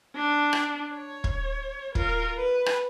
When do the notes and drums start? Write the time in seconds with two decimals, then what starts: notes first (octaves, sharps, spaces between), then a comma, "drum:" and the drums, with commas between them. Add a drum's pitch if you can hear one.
0.16 D4
0.53 drum: rim click
0.94 C#5
1.24 drum: kick
1.95 F4 A#4, drum: kick
2.37 B4
2.66 drum: rim click